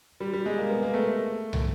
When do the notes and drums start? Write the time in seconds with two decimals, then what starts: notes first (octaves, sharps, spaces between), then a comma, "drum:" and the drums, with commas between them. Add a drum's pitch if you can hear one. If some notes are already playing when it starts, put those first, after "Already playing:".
0.20 G3
0.33 G3
0.46 G#3
0.58 A#3
0.70 B3
0.83 A#3
0.94 A3
1.53 drum: tom